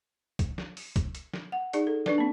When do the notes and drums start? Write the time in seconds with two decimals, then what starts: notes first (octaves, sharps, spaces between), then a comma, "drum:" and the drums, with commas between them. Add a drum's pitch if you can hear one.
0.39 drum: kick, hi-hat
0.58 drum: snare
0.77 drum: open hi-hat
0.96 drum: kick, hi-hat
1.15 drum: hi-hat
1.33 drum: snare
1.52 F#5
1.73 D#4 G#4 D5, drum: hi-hat
1.87 A4
2.06 D4 B4 D5, drum: snare
2.18 A#3 C4